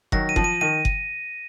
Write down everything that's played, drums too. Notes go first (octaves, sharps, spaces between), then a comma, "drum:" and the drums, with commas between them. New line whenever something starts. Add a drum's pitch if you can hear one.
D#3 F#3 A#6, drum: kick F#1
D#7
F3, drum: kick F#1
D#7
D#3 D#7
drum: kick F#1